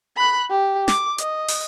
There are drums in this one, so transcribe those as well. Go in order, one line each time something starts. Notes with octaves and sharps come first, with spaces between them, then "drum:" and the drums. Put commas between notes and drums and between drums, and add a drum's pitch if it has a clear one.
B5 F#6
G4
D6, drum: snare
D#5, drum: hi-hat
drum: open hi-hat